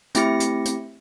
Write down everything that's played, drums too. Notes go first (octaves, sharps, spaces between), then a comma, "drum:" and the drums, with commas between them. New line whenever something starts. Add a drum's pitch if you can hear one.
A3 C4 E4 G4 A#6 C#7, drum: hi-hat
drum: hi-hat
drum: hi-hat